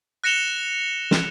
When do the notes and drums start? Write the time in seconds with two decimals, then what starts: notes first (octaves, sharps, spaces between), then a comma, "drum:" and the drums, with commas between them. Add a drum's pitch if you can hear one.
0.24 F#6 A#6 C#7 E7 F7 G7
1.11 drum: snare